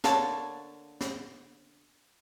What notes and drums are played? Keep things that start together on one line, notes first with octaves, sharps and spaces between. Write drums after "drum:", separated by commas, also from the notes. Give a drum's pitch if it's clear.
D3 A#3 C#5 A5, drum: snare
drum: snare